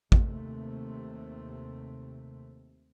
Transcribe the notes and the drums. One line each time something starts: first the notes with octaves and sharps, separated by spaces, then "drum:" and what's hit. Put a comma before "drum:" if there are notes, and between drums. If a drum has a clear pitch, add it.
D#2 C3 A3 C4, drum: kick